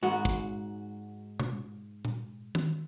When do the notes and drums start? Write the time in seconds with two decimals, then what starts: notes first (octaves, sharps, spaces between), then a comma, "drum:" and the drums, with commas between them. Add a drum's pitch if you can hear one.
0.03 G#2 F#4
0.25 drum: kick
1.40 drum: tom B2
2.05 drum: tom A#2
2.55 drum: tom D#3